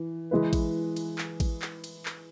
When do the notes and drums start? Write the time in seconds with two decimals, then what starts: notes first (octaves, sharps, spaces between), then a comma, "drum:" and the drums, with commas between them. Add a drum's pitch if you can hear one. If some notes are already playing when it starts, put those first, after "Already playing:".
Already playing: E3
0.31 E3 G#3 E4 B4
0.53 drum: kick A1, cymbal
0.96 drum: cymbal
1.18 drum: clap
1.40 drum: kick A1, cymbal
1.62 drum: clap
1.84 drum: cymbal
2.06 drum: clap